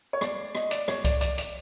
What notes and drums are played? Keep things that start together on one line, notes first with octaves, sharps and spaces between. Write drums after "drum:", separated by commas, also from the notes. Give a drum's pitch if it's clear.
C#5
D5, drum: rim click
D#5, drum: rim click
D5, drum: hi-hat
C#5, drum: rim click
D5, drum: kick C2, hi-hat
D5, drum: hi-hat
D5, drum: hi-hat